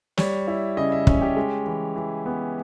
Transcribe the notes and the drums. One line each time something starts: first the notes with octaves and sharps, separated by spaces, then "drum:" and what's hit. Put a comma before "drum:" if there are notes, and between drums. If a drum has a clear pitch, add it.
G3 C#5, drum: snare
E4
C#3 D#5
E5
C#4 D#5, drum: kick
G4
G#3
E3
E3
B3